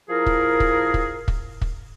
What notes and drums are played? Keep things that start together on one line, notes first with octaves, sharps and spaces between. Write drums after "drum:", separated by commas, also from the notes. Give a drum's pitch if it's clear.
F3 E4 G#4 A#4
drum: kick
drum: kick
drum: kick
drum: kick
drum: kick